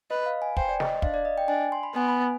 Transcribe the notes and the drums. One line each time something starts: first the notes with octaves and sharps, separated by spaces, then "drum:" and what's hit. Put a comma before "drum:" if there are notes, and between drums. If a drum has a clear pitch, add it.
B4 D#5
F5
G#5
C5 G5, drum: kick
D5
D#5, drum: snare
D4 F5, drum: kick
D5
D#5
G5
D4 G#5
C6
B5
B3 G#5
B5